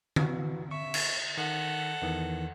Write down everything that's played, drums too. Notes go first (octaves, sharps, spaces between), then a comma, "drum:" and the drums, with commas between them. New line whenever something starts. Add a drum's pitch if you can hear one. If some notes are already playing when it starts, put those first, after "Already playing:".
E3 F#4, drum: tom D3
E5 C#6
drum: cymbal
D#3 A4 F#5
E2 D#3 E3